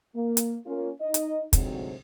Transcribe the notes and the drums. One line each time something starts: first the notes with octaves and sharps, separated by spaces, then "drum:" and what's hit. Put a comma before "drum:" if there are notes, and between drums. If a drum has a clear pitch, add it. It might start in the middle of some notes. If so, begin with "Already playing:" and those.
A#3
drum: hi-hat
A#3 C#4 F4
D#4 D#5
drum: hi-hat
D2 G#2 C3 F#3 C4, drum: kick, hi-hat